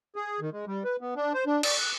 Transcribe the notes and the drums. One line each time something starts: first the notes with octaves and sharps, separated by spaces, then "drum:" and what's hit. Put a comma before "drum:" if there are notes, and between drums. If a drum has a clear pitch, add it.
G#4
D#3
G#3
G3
B4
B3
D4
C5
D4
D5, drum: cymbal
F#6